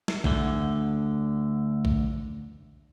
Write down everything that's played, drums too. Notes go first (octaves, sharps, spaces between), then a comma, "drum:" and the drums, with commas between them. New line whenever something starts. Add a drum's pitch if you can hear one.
drum: snare
D2 D3, drum: kick
drum: kick